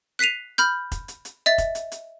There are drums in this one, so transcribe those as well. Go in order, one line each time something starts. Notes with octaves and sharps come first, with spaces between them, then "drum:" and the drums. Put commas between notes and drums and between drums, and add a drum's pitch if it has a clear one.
F#6 B6 C7 D#7 F7
B5 F6 G6, drum: hi-hat
drum: kick F1, hi-hat
drum: hi-hat
drum: hi-hat
D#5 E5 A6
drum: kick F1, hi-hat
drum: hi-hat
drum: hi-hat